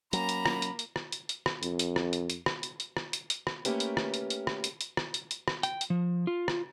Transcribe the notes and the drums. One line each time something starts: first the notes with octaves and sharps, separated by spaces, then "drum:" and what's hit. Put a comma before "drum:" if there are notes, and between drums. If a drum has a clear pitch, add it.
F#3 A#3 C#4 A#5 B5, drum: hi-hat
drum: hi-hat
drum: rim click
drum: hi-hat
drum: hi-hat
drum: rim click
drum: hi-hat
drum: hi-hat
drum: rim click
F2, drum: hi-hat
drum: hi-hat
drum: rim click
drum: hi-hat
drum: hi-hat
drum: rim click
drum: hi-hat
drum: hi-hat
drum: rim click
drum: hi-hat
drum: hi-hat
drum: rim click
A3 A#3 C#4 G4 A#4 B4, drum: hi-hat
drum: hi-hat
drum: rim click
drum: hi-hat
drum: hi-hat
drum: rim click
drum: hi-hat
drum: hi-hat
drum: rim click
drum: hi-hat
drum: hi-hat
drum: rim click
G5, drum: hi-hat
drum: hi-hat
F3
F4
drum: rim click